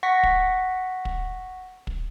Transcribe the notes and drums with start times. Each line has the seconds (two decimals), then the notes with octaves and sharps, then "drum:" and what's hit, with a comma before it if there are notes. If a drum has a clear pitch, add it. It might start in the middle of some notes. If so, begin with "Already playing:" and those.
0.03 F#5 C#6 A#6 B6
0.23 drum: kick
1.05 drum: kick
1.87 drum: kick